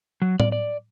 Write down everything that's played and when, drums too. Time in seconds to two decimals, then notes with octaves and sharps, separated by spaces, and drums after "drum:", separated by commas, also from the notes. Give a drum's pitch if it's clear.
0.22 F#3
0.40 D5, drum: tom A2
0.52 D5